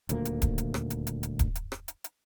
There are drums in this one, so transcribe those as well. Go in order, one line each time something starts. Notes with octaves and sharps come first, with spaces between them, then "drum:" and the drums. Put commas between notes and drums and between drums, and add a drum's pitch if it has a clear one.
D#1 D2 A#2 A#3, drum: hi-hat
drum: hi-hat
drum: kick D1, hi-hat
drum: hi-hat
drum: rim click
drum: hi-hat
drum: hi-hat
drum: hi-hat
drum: kick D1, hi-hat
drum: hi-hat
drum: rim click
drum: hi-hat
drum: hi-hat